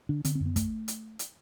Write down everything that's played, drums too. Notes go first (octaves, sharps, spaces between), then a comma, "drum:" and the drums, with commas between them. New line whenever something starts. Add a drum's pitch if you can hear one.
D3 D4
D3 C4, drum: hi-hat
C4
F#2
B3
A3, drum: kick, hi-hat
drum: hi-hat
drum: hi-hat